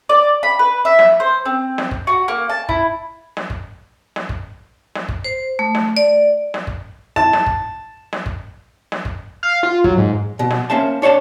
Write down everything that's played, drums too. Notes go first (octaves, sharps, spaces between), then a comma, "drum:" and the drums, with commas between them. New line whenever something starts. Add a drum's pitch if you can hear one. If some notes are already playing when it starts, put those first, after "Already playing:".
D5
B5
B4
E5
drum: snare
C5
C4
drum: snare
drum: kick
F#4
A#3
A5
E4, drum: kick
drum: snare
drum: kick
drum: snare
drum: kick
drum: snare
drum: kick
C5
A3
drum: snare
D5
drum: snare
drum: kick
A5
drum: snare
drum: kick
drum: snare
drum: kick
drum: snare
drum: kick
F5
F4
F#3, drum: kick
G#2
B2
drum: snare
A#3 C#4 C5 E5 A5
D4 C#5 F5 A5